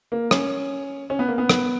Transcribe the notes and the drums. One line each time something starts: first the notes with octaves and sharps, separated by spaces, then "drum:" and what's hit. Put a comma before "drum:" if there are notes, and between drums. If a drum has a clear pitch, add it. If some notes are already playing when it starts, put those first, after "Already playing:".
A#3
C#4, drum: rim click
C#4
B3
A#3
B3
drum: rim click